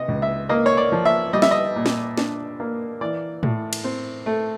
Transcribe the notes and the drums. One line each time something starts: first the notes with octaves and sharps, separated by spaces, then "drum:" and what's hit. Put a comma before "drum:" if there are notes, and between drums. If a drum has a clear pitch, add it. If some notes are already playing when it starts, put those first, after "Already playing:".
Already playing: C3 D#5
C#2
E5
A#3 D#5
C#5
D5
F3
E5
G3 D#5
E5, drum: snare
D#5
A#2
drum: snare
D4, drum: snare
A#3
E3 D5
A2, drum: tom A2
drum: cymbal
C4
A3